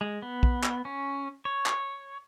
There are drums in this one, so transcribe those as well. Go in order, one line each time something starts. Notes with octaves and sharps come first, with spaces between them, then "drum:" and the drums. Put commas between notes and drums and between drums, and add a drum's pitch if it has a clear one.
G#3
B3
drum: kick A#1
drum: clap
C#4
C#5
drum: clap